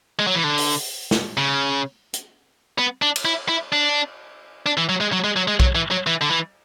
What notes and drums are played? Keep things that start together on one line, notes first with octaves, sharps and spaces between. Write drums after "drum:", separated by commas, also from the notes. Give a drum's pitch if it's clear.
G#3
F#3
E3
D3
drum: open hi-hat
drum: snare
C#3
drum: hi-hat
B3
D4
drum: cymbal
E4
E4
D4
D4
E3
F#3
G#3
F#3
G#3
F#3
G#3
F#3, drum: kick B1
E3
F#3
E3
D3
E3